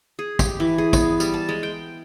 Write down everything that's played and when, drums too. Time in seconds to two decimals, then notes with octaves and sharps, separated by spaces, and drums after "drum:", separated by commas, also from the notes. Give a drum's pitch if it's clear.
0.19 G#4
0.39 G4, drum: kick, tambourine
0.60 E3
0.78 G#4
0.93 B3, drum: kick, tambourine
1.20 G3, drum: tambourine
1.34 A5
1.49 G#3
1.63 G5